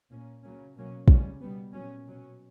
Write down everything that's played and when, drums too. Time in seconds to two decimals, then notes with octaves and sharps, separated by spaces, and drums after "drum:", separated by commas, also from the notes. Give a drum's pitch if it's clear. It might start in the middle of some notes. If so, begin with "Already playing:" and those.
0.10 A#2 A#3 C#4
0.43 C#3 F#3 A#3 C#4
0.75 B2 F#3 A#3 C#4
1.08 C#3 G3 C#4, drum: kick
1.41 B2 G3 B3
1.74 A#2 F#3 C#4
2.06 B2 F#3 C#4